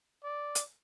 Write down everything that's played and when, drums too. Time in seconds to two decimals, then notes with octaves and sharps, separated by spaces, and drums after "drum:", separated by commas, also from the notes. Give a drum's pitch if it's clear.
0.24 D5
0.55 drum: hi-hat